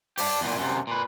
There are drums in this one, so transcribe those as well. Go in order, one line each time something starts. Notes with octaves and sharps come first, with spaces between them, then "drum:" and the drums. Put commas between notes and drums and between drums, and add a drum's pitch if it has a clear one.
D4 G4, drum: open hi-hat
E2 A#2
F#2 C3
A#2 B4